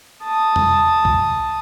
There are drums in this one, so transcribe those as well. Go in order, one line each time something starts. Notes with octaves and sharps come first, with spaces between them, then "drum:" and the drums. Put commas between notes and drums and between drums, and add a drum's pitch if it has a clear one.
A5 D#6
drum: tom E2
drum: kick